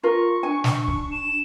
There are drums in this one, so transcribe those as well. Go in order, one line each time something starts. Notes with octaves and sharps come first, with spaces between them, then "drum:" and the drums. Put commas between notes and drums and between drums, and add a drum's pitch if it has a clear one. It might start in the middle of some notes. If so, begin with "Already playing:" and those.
F4 A#4 C#6
D4 G#5
drum: snare
drum: kick
E7